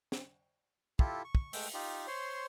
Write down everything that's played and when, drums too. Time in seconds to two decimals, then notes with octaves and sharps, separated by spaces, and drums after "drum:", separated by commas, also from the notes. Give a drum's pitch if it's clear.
0.12 drum: snare
0.99 E4 F4 G4 A4, drum: kick
1.24 C#6
1.35 drum: kick
1.53 G#3 A3 G5 E6, drum: open hi-hat
1.74 D#4 F4 G4
2.07 C5 C#5 C6